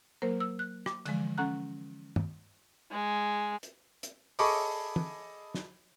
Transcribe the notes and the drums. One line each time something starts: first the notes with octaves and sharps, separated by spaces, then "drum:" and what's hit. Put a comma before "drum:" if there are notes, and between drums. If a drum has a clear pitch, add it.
F#3 A#3 A#4 C5
E6
F#6
D6, drum: rim click
D3 E3 F3 G#3, drum: cymbal
C#4 A4 F#5 A#5 F#6
drum: tom
G#3
drum: hi-hat
drum: hi-hat
G#4 A4 D#5 B5 C#6 D6, drum: open hi-hat
drum: tom
drum: snare